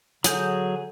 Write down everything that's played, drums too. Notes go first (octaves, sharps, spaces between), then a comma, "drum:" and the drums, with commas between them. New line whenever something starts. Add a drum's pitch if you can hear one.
D3 F#3 G#4 G6, drum: hi-hat